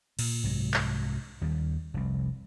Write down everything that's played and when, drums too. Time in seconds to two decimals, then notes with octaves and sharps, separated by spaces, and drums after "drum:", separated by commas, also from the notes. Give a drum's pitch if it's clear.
0.19 A#2, drum: cymbal
0.43 C2 G#2 F#3
0.74 drum: clap
1.42 D#2 D#3 G3
1.94 F1 C2